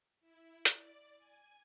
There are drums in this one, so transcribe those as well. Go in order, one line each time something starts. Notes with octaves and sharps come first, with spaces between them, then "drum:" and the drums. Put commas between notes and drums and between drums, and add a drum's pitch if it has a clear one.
E4
D5, drum: hi-hat
G#5